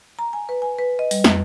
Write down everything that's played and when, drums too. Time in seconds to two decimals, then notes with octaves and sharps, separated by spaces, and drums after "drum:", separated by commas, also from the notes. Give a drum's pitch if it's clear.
0.19 A#5
0.33 G#5
0.49 B4
0.62 G#5
0.79 B4
0.99 D#5
1.11 G3, drum: open hi-hat
1.24 F2, drum: snare